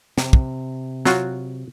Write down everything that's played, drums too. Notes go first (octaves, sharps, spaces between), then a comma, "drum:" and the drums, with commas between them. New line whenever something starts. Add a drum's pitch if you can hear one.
C3, drum: snare
drum: kick
F#3 F4 F#4, drum: snare